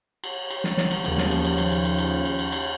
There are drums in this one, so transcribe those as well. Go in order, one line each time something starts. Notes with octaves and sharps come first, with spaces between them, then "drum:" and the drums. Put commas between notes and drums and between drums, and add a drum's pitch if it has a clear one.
drum: cymbal
drum: cymbal
drum: snare
drum: snare
drum: cymbal
D#2 C#3 F3, drum: cymbal
drum: snare
drum: cymbal
drum: cymbal
drum: cymbal
drum: cymbal
drum: cymbal
drum: cymbal
drum: cymbal
drum: cymbal
drum: cymbal